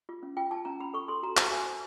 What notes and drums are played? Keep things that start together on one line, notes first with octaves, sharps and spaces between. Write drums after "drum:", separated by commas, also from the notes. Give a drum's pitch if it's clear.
F4
C#4
F4 G5
F4 A5
C#4 A#5
C#4 B5
A4 C#6
A4 C6
F#4 A#5
C5 A5, drum: clap
F#4 G#5
C5